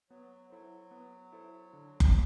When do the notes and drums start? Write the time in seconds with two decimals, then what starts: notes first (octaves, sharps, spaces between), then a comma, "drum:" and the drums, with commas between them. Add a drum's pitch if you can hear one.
0.10 F#3 B3
0.50 F#3 E4 A4 C5
0.91 B3
1.33 E4 A4 C5
1.73 D3
2.00 drum: kick F#1